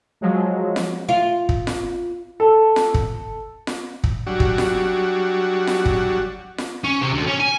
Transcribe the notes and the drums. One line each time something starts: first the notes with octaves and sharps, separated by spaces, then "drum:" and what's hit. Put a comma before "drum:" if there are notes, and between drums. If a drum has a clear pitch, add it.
F3 F#3 G#3
drum: snare F4
F4
drum: kick
drum: snare F4
A4
drum: snare F4
drum: kick
drum: snare F4
drum: kick
F#3 G3 D4 F#4
drum: kick
drum: snare F4
drum: snare F4
drum: kick
drum: snare F4
C#4
C3
D2
C#4
G#5